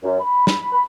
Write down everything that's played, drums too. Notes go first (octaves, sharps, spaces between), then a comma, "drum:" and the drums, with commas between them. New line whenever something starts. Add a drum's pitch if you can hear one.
F#2
B5
B5, drum: snare
B5